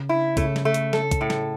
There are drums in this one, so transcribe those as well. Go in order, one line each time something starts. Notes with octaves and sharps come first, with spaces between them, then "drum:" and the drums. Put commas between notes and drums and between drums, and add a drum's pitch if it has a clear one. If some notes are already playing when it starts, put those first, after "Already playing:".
Already playing: C#3
E4
C#3 A3, drum: kick, hi-hat
drum: snare
A3
drum: hi-hat
A4, drum: snare
drum: kick, hi-hat
A2
drum: snare